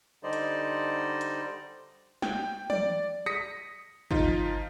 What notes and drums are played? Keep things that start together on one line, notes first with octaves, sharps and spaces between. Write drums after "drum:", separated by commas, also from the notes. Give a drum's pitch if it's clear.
D3 G3 D#4 C5 D5 D#5
drum: hi-hat
drum: hi-hat
G5, drum: snare
D5, drum: tom
D#6 A#6 B6 C#7, drum: rim click
F3 D#4 F4, drum: kick